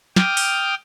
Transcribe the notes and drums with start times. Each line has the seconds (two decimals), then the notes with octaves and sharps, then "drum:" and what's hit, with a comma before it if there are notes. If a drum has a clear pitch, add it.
0.16 G5 D6 D#6 F6, drum: snare
0.37 drum: open hi-hat